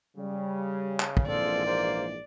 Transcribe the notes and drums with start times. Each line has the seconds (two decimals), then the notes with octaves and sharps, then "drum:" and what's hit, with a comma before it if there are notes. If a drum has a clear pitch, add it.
0.17 C#3 G3
1.00 drum: clap
1.17 drum: kick
1.27 A#1 G#2 E3 C4 F4 A4 D5
1.66 A#3 C5